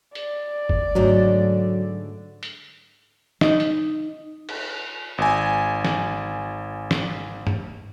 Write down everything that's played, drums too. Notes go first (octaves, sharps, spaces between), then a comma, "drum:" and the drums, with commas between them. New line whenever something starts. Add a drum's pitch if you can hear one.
D5, drum: hi-hat
drum: kick F#1
G#2 D3 F#3 A3
drum: hi-hat
D#4, drum: snare
drum: hi-hat
drum: cymbal
G#1 G#5
drum: snare
drum: snare
drum: tom